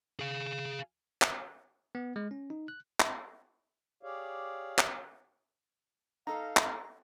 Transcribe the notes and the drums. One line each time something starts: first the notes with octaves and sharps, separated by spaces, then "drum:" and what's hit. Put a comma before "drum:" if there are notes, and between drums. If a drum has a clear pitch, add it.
G#4 F5
drum: clap
B3
G#3
C#4
D#4
F#6
drum: clap
G4 G#4 C#5 D5 F5
drum: clap
D#4 A4 F5 A#5
drum: clap